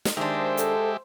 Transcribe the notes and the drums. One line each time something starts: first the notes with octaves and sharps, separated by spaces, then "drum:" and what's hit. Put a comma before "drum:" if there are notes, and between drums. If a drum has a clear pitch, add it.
drum: snare
D#3 G#3 D4 G4 C5 E5
A4, drum: hi-hat